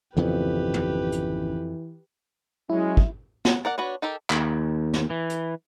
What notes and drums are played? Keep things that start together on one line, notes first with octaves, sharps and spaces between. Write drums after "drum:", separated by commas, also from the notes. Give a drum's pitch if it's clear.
G#1 F2 C#3 E3 B3 G4 B4
drum: tom
drum: hi-hat
F#3 G#3 C#4 E4
drum: kick
F#3, drum: snare
A#4 D5 F#5
D4 F#4 B4 C#5
D#4 G4 A4 A#4
D#2, drum: clap
drum: snare
E3
drum: hi-hat